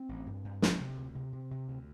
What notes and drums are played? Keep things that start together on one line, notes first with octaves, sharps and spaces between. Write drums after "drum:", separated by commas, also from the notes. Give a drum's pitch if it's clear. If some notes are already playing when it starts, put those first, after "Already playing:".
Already playing: C4
A1
G2
G2
A1, drum: snare
C3
D2
C3
C3
C3
D2